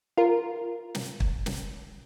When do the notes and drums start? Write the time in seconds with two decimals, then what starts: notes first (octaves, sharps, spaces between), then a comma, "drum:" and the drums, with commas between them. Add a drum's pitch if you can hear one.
0.17 F4 A#4
0.95 drum: snare
1.20 drum: kick
1.46 drum: snare